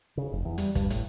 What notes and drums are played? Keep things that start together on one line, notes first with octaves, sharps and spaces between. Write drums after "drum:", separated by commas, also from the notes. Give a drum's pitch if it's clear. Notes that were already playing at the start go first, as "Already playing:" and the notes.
C#3
F1
E2
G3, drum: hi-hat
G2, drum: kick, hi-hat
A2, drum: hi-hat